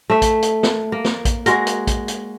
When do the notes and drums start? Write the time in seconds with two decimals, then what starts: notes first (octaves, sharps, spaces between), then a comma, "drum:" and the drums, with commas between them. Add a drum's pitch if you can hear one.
0.10 A3 E5
0.22 drum: kick A#1, hi-hat
0.42 drum: hi-hat
0.63 drum: snare
0.92 A#3
1.05 drum: snare
1.25 drum: kick A#1, hi-hat
1.46 G#3 F#4 A#4, drum: hi-hat
1.67 drum: hi-hat
1.87 drum: kick A#1, hi-hat
2.08 drum: hi-hat